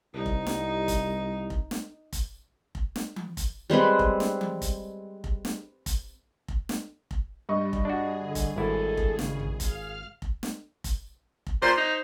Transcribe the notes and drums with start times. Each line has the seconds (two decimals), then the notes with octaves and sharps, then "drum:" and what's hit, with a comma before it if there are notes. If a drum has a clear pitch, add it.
0.14 C2 D#4
0.26 drum: kick F1
0.46 drum: snare
0.88 drum: kick F1, hi-hat
1.50 drum: kick F1
1.71 drum: snare
2.13 drum: kick F1, hi-hat
2.75 drum: kick F1
2.96 drum: snare
3.16 drum: tom E3
3.37 drum: kick F1, hi-hat
3.70 G3 G#3 C4 B4
3.99 drum: kick F1
4.20 drum: snare
4.41 drum: tom E3
4.62 drum: kick F1, hi-hat
5.24 drum: kick F1
5.45 drum: snare
5.86 drum: kick F1, hi-hat
6.48 drum: kick F1
6.69 drum: snare
7.11 drum: kick F1
7.49 G2 G3 D#5 C#6
7.73 drum: kick F1
7.85 D4 F#4 G#4
8.22 D3
8.35 drum: kick F1, hi-hat
8.56 G#1 E4 A4
8.97 drum: kick F1
9.19 C#3, drum: snare
9.39 drum: tom A1
9.60 G#4 F5 F6, drum: kick F1, hi-hat
10.22 drum: kick F1
10.43 drum: snare
10.84 drum: kick F1, hi-hat
11.47 drum: kick F1
11.62 A#2 C5
11.77 D#4